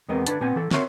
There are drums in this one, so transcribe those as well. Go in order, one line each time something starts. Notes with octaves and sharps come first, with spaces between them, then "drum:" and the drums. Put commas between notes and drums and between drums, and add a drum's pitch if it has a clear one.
E2 G#3 B3 C4 A#4 D#5
D3 D4 B4 A5, drum: hi-hat
A#2 B3 C4 G#5
E3 A4
C4 F#4 A#4 C#5 E5 C6, drum: snare